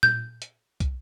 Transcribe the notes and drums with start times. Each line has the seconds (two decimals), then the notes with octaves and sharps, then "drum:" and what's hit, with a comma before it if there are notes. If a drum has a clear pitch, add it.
0.03 G6, drum: tom A#2
0.42 drum: hi-hat
0.80 drum: kick, hi-hat